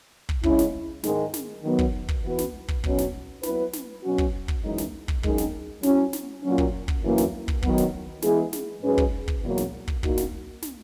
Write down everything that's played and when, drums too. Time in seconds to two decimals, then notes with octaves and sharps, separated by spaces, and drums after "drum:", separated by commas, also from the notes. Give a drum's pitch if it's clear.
0.29 drum: kick
0.43 C#3 G#3 C#4 E4, drum: kick
0.59 drum: snare
1.03 G#2 D#3 G#3, drum: snare
1.34 drum: snare
1.63 D#3 F#3 B3
1.79 drum: kick
2.08 drum: kick
2.23 E3 B3 F#4 B4
2.38 drum: snare
2.68 drum: kick
2.84 B2 F#3 C#4, drum: kick
2.98 drum: snare
3.43 F#3 B3 E4 B4, drum: snare
3.73 drum: snare
4.03 B2 F#3 C#4 F#4
4.18 drum: kick
4.48 drum: kick
4.63 F#2 E3 G#3 D#4
4.78 drum: snare
5.08 drum: kick
5.23 F#2 D#3 G#3, drum: kick
5.38 drum: snare
5.83 F#3 C#4 E4, drum: snare
6.13 drum: snare
6.43 A#2 F#3 C#4
6.58 drum: kick
6.88 drum: kick
7.03 F#2 E3 A#3
7.18 drum: snare
7.48 drum: kick
7.63 D#3 F#3 B3, drum: kick
7.78 drum: snare
8.22 E3 G#3 B3 E4 G#4, drum: snare
8.53 drum: snare
8.82 G#2 F#3 C#4 G#4 B4
8.98 drum: kick
9.28 drum: kick
9.42 E2 B2 F#3 A#3
9.58 drum: snare
9.88 drum: kick
10.03 A#2 A#3 D#4 F#4, drum: kick
10.17 drum: snare
10.62 drum: snare